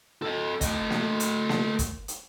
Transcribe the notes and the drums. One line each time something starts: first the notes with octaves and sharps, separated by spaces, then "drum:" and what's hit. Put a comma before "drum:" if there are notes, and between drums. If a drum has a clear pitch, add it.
A4 D#5
A3 D#5, drum: kick, hi-hat
drum: snare A#3
drum: hi-hat
drum: snare A#3
drum: kick, hi-hat
drum: hi-hat